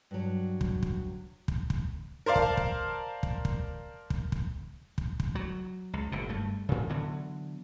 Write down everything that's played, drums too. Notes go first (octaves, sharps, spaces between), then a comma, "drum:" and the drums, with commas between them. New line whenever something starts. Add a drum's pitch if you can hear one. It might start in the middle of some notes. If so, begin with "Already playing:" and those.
G2 F#3
drum: kick
drum: kick
drum: kick
drum: kick
A#4 C5 D5 F5 A5
drum: kick
drum: kick
drum: kick
drum: kick
drum: kick
drum: kick
drum: kick
drum: kick
F#3
C#2
F#1 B2
G2 A3
A2 C#3
D3 E3 F#3 B3